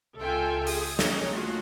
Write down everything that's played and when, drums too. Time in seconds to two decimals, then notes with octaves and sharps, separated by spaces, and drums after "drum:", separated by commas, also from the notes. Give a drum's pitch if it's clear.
0.19 C#2 F4 A4 E5 G5 G#5
0.67 G#4 D#6, drum: open hi-hat
0.99 A#3 C#4 G#4 A#4 C#5 D#5, drum: snare
1.31 A3 F4 F#4 G#4